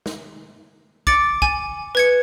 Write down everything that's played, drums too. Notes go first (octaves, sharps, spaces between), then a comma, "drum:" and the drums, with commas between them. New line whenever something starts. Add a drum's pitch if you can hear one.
drum: snare
D6 A6 C#7 D7, drum: kick
G#5, drum: kick
B4 G#6 C#7